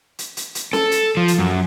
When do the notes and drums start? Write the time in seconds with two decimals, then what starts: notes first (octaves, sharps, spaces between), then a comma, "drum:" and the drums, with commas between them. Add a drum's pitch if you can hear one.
0.19 drum: hi-hat
0.37 drum: hi-hat
0.55 drum: hi-hat
0.73 A4, drum: snare
0.91 drum: hi-hat
1.17 F3
1.28 drum: hi-hat
1.39 F#2